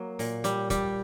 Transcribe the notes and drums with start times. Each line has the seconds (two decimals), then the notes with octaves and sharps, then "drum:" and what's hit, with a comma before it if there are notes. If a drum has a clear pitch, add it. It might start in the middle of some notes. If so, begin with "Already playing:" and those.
Already playing: F#3 A#3
0.19 A#2, drum: open hi-hat
0.44 G3, drum: hi-hat
0.70 G3, drum: kick, hi-hat